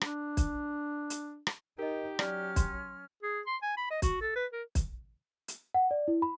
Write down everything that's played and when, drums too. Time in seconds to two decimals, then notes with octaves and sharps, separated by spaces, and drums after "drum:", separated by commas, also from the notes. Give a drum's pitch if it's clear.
0.01 D4, drum: rim click
0.37 drum: kick, hi-hat
1.10 drum: hi-hat
1.47 drum: rim click
1.79 D#4 G4 A#4 D#5
2.19 F#3 C#4 D5 F6, drum: rim click
2.56 C6, drum: kick, hi-hat
3.23 G#4
3.47 C6
3.62 G#5
3.77 B5
3.90 D#5
4.02 F#4, drum: kick, hi-hat
4.21 A4
4.35 B4
4.53 A#4
4.75 drum: kick, hi-hat
5.48 drum: hi-hat
5.74 F#5
5.91 D5
6.08 E4
6.22 B5